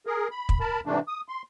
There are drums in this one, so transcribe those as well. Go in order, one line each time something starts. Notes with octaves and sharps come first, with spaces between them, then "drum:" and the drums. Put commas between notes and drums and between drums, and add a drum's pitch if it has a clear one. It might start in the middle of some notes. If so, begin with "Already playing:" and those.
G#4 A#4
B5
drum: kick
A#4 A5 B5
G#2 C3 E3 A3 D4
D#6
C6